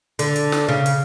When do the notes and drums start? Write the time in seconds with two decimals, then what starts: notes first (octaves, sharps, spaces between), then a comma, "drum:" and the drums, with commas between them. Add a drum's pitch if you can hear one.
0.19 D3, drum: hi-hat
0.36 drum: hi-hat
0.52 drum: snare
0.68 C#3
0.86 drum: hi-hat